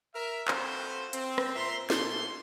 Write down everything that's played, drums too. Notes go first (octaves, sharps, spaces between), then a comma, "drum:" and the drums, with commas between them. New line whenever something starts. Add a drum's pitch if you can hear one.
A#4 E5
C4 F4 F#4 A4 B4 C5, drum: clap
C4, drum: hi-hat
drum: rim click
A#2 E5 A#5 C6
B2 A#3 C#4 A4 C6, drum: snare